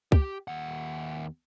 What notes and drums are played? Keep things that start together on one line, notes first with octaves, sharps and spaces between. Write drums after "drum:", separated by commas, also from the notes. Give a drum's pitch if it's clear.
G4, drum: kick
D#2 F#5